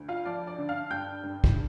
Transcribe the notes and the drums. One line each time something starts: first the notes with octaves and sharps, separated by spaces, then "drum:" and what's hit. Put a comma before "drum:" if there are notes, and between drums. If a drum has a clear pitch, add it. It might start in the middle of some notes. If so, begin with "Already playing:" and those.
Already playing: D2
F4 F5
F3 D5
D5
D3
F5 F6
G2 G5 G6
G2
drum: kick